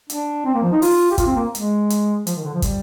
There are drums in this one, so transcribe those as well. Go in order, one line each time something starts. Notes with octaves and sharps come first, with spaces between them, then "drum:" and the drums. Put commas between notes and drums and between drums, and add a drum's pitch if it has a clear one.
D4, drum: hi-hat
C4
A#3
F3
D#4
F4, drum: open hi-hat
G4
F4, drum: kick, hi-hat
C4
A#3
G#3, drum: hi-hat
drum: hi-hat
F3, drum: hi-hat
D#3
D3
F3
G3, drum: kick, hi-hat